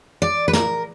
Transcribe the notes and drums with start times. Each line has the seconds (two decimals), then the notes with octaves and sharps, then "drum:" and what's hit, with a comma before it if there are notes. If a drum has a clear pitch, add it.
0.22 D5
0.48 B4
0.53 A#4, drum: snare